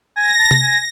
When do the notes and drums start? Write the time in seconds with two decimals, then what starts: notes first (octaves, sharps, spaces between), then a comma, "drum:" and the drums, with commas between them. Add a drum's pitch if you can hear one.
0.16 G#5 A#6
0.39 A5
0.51 drum: tom C3
0.62 G#5